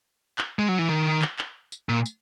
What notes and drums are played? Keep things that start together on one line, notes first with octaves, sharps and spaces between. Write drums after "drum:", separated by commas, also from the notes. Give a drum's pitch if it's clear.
drum: clap
G#3
F#3
E3
D#3
drum: clap
drum: clap
drum: tambourine
A#2
drum: tambourine